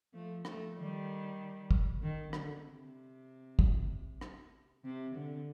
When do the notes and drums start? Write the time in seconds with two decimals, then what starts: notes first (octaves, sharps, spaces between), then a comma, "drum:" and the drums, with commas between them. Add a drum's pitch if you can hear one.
0.14 F3 A3
0.45 F3 A3, drum: rim click
0.76 D#3 G3
1.71 drum: kick
2.02 D#3
2.33 D3, drum: rim click
2.65 C3
3.59 drum: kick
4.21 drum: rim click
4.84 C3
5.15 D3